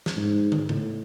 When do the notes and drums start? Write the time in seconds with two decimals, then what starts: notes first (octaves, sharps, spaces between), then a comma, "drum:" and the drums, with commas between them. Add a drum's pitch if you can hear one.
0.06 drum: snare
0.16 G#2
0.52 drum: tom
0.69 A2, drum: tom C#3